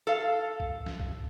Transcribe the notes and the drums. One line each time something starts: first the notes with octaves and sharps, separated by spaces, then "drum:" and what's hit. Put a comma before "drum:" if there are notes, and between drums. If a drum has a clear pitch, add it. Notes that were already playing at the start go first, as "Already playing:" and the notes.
A4 F5
drum: kick B1
drum: snare
drum: kick B1